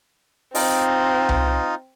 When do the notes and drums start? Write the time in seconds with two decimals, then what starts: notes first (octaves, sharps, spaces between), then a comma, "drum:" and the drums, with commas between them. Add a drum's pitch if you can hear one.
0.55 C4 D#4 F4 D#5, drum: open hi-hat
1.29 drum: tom C2